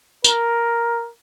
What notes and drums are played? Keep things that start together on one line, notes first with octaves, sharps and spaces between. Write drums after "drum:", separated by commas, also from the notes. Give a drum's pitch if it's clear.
A#4, drum: tambourine